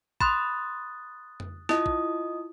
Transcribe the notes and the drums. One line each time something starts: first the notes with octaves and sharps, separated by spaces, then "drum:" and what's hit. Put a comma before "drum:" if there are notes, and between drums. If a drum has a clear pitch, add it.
B5 C6 D#6 F#6 A6, drum: kick
drum: tom F2
E4 F4 D#5 D#6, drum: snare
drum: kick